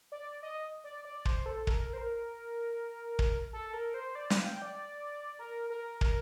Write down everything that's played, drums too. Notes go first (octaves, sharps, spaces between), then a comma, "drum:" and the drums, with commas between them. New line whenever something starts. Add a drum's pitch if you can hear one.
D5
D#5
D5
D5
C5, drum: kick
A4
A#4, drum: kick
C5
A#4
drum: kick
A4
A#4
C5
D5
F5, drum: snare
G5
D5
A#4
A#4
A#4, drum: kick